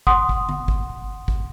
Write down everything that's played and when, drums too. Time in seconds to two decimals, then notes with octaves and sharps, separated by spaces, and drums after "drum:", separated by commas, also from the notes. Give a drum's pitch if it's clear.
0.07 F#5 C6 D#6, drum: kick
0.29 drum: kick
0.49 drum: tom D3
0.68 drum: kick
1.28 drum: kick